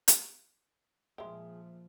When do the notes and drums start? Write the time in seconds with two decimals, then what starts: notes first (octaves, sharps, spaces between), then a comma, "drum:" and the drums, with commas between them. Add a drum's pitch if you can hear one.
0.08 drum: hi-hat
1.18 A#2 F3 G#3 G#4 E5 G5